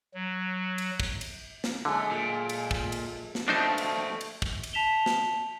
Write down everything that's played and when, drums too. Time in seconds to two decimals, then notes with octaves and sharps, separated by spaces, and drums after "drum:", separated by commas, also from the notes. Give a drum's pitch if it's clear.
0.14 F#3
0.78 drum: cymbal
1.00 drum: kick
1.21 drum: cymbal
1.64 drum: snare
1.85 D3 F#3 G#3 A3
2.12 A#2
2.49 drum: cymbal
2.71 drum: kick
2.92 drum: cymbal
3.35 drum: snare
3.48 G2 B2 F3 A3 C4 D4 D#4 C5
3.78 drum: cymbal
4.21 drum: cymbal
4.42 drum: kick
4.63 drum: cymbal
4.73 A5 B6 E7 F7 G7
5.06 drum: snare